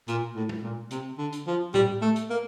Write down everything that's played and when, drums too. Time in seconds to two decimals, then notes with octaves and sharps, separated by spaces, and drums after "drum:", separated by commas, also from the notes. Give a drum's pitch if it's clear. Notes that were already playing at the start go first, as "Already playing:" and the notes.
0.08 A#2, drum: hi-hat
0.36 A2
0.49 drum: tom
0.63 A#2
0.91 C3, drum: hi-hat
1.18 D3
1.33 drum: hi-hat
1.47 F3
1.74 G3, drum: tom A2
2.01 A3
2.16 drum: hi-hat
2.30 A#3